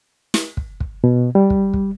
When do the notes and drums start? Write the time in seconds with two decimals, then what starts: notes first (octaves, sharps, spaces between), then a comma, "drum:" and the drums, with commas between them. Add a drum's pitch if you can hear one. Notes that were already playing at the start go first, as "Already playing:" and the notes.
0.34 drum: snare
0.57 drum: kick
0.80 drum: kick
1.04 B2
1.35 G3
1.50 drum: kick
1.74 drum: kick